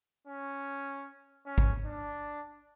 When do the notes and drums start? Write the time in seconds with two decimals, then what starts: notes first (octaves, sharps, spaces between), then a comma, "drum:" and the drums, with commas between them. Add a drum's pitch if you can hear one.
0.27 C#4
1.46 C#4
1.58 drum: kick G#1
1.85 D4